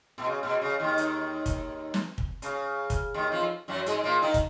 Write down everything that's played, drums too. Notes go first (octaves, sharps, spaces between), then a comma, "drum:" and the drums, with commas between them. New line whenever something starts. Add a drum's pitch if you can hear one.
B2
C#3
B2
C#3
D#2 D#3
drum: hi-hat
drum: kick, hi-hat
drum: snare
drum: kick
C#3, drum: hi-hat
drum: kick, hi-hat
D#2 D#3
F2 F3
F#2 F#3
G#2 G#3, drum: hi-hat
A#2 A#3
D#3 D#4
drum: kick, hi-hat